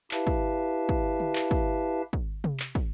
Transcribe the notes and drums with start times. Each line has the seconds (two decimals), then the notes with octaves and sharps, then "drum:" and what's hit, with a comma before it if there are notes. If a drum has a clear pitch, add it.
0.11 E4 G4 B4 E5 F5 A5, drum: clap
0.27 drum: kick
0.89 drum: kick
1.20 drum: tom D3
1.35 drum: clap
1.51 drum: kick
2.13 drum: kick
2.44 drum: tom C3
2.60 drum: clap
2.75 drum: kick